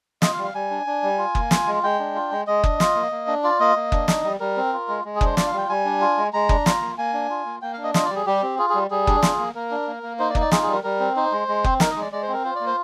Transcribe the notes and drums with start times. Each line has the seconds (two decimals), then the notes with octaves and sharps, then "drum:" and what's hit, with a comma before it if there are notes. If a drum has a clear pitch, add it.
0.22 F4 D#5, drum: snare
0.33 F5
0.38 G3
0.44 F5
0.54 G3 G#5
0.71 D4
0.87 D4
1.03 G3
1.18 F4
1.35 A#3, drum: kick F#1
1.51 F4, drum: snare
1.67 G#3
1.83 G#3 G5
1.99 D4
2.15 F4
2.31 G#3
2.47 G#3 D#5
2.64 D4, drum: kick F#1
2.80 F4, drum: snare
2.95 A#3
3.12 A#3
3.27 D4
3.44 F4 D5
3.60 A#3 D#5
3.76 A#3
3.92 D4, drum: kick F#1
4.08 D#4, drum: snare
4.24 G3
4.40 G3 A#4
4.57 C4
4.73 F4
4.88 G#3
5.04 G#3
5.16 G#4
5.21 D4 C5, drum: kick F#1
5.37 F4 D5, drum: snare
5.47 F5
5.53 G3 G5
5.69 G3 G#5
5.85 D4
6.01 F4
6.17 G#3
6.33 G#3 A#5
6.49 D4, drum: kick F#1
6.66 F4, drum: snare
6.82 A#3
6.98 A#3 G#5
7.13 D4
7.30 F4
7.46 A#3
7.62 A#3 G5
7.73 D4 F5
7.84 D#5
7.94 F4 D#5, drum: snare
8.05 D5
8.10 G3
8.16 G#4
8.26 G3 G4
8.43 C4
8.58 F4 G#4
8.70 G#4
8.74 G3
8.91 G3 G#4
9.07 D4, drum: kick F#1
9.23 F4, drum: snare
9.39 A#3
9.55 A#3 A#4
9.71 D4
9.87 A#3
10.03 A#3
10.19 D#4 C5
10.30 D5
10.35 D#4, drum: kick F#1
10.41 D5
10.52 F4 G#4, drum: snare
10.62 G#4
10.67 G3
10.73 A#4
10.84 G3 A#4
11.00 C4
11.16 D#4 C5
11.32 G#3
11.48 G#3
11.64 C4, drum: kick F#1
11.80 D#4 A#4, drum: snare
11.91 D#5
11.97 G#3 D5
12.12 G#3 D5
12.23 C5
12.28 C4 A#4
12.44 F4 C5
12.55 D5
12.61 A#3
12.67 C5